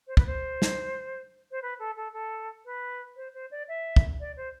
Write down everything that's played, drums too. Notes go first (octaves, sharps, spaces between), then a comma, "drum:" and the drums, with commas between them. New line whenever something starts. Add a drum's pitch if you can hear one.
C5
B4, drum: kick
C5
drum: snare
C5
B4
A4
A4
A4
B4
C5
C5
D5
E5
drum: kick
D5
C5